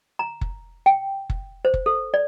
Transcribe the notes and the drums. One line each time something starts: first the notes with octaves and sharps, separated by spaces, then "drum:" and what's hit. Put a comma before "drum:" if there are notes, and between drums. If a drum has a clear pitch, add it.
A#5
drum: kick F#1
G5
drum: kick F#1
C5
drum: kick F#1
A4
D5